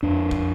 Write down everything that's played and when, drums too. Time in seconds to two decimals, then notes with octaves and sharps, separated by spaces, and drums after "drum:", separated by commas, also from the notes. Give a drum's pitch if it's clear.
0.03 F2 D4
0.31 drum: kick